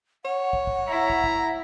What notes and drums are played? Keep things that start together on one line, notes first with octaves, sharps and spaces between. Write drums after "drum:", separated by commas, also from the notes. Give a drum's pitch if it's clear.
C#5 F#5
drum: kick
drum: kick
E4 A#5
drum: kick
drum: kick